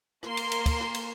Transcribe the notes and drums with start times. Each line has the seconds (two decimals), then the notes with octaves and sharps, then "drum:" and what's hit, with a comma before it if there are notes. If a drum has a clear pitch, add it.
0.23 A#3 C6, drum: rim click
0.37 drum: cymbal
0.52 drum: cymbal
0.66 drum: kick, cymbal
0.80 drum: rim click
0.95 drum: cymbal